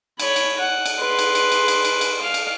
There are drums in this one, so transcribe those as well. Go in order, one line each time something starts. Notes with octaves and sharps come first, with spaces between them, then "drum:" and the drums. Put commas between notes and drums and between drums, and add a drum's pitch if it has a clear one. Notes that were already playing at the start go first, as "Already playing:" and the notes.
C#5 B5, drum: cymbal
drum: cymbal
F#5
drum: cymbal
G#4 B4 C6
drum: cymbal
drum: cymbal
drum: cymbal
drum: cymbal
drum: cymbal
drum: cymbal
F5
drum: cymbal